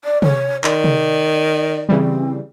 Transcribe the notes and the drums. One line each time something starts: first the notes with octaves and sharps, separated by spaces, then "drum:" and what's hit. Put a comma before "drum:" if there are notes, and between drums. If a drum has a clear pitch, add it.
D5
C#5, drum: tom C3
D#3 D5, drum: clap
drum: tom C3
C#3 E3 G3 C4